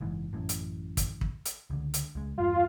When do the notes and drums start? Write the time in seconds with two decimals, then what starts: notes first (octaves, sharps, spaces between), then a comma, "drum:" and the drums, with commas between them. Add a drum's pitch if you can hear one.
0.01 F#1 G#2 E3
0.33 A1 F#2 A2
0.49 drum: hi-hat
0.97 drum: kick, hi-hat
1.21 drum: kick
1.45 drum: hi-hat
1.70 C#2 D3
1.94 drum: hi-hat
2.15 C#2 G#3
2.38 E2 G2 G3 F4